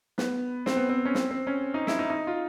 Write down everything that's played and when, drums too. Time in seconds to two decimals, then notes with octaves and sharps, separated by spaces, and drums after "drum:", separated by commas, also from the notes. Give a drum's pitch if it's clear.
0.18 B3, drum: snare
0.66 C4, drum: snare
0.77 B3
0.89 C4
1.05 C#4
1.15 C4, drum: snare
1.31 C4
1.47 C#4
1.74 D#4
1.87 E4, drum: snare
1.99 D#4
2.10 D#4
2.27 F4